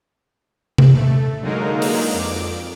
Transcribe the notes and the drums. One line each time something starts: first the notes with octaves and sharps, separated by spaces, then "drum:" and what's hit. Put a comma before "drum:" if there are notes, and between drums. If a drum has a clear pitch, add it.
drum: tom C3
A3
D3 F#3 G#3 A#3 D#4 A#4
drum: open hi-hat
F2 D6 D7